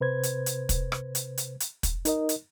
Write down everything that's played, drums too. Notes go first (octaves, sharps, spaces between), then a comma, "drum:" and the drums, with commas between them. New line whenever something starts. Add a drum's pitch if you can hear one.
C3 B4 C5 G#6
drum: hi-hat
drum: hi-hat
drum: kick, hi-hat
drum: rim click
drum: hi-hat
drum: hi-hat
drum: hi-hat
drum: kick, hi-hat
D#4 A#4 D#5, drum: hi-hat
drum: hi-hat